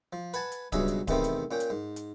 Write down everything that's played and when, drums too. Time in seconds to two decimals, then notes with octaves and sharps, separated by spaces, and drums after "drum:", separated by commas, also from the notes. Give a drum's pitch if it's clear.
0.13 F3
0.34 B4 F#5 G#5 A5, drum: hi-hat
0.52 drum: hi-hat
0.72 C#2 G2 B2 F#3 G#4 E5, drum: kick D1, hi-hat
0.88 drum: hi-hat
1.08 E2 C3 D#3 A3 B3 C4, drum: kick D1, hi-hat
1.24 drum: hi-hat
1.51 A#2 C#4 G5
1.60 drum: hi-hat
1.70 G#2
1.96 drum: hi-hat